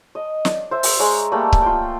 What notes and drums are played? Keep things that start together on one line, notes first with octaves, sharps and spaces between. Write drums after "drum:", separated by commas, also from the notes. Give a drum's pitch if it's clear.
D#5
D5, drum: snare
C5 E5
drum: open hi-hat
G#3 D5 A#5 C#6
G3 A3 A#3 B5
drum: kick C#1
F4 G5